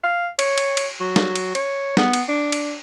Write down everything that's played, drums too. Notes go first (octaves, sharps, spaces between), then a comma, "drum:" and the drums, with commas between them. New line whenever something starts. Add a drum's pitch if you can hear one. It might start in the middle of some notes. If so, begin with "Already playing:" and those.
F5
C#5, drum: cymbal
drum: cymbal
drum: cymbal
F#3
drum: snare
drum: cymbal
C#5, drum: cymbal
B3, drum: snare
drum: cymbal
D4
drum: cymbal